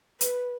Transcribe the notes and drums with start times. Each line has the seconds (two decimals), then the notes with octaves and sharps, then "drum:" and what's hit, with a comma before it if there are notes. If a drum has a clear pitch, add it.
0.21 B4, drum: hi-hat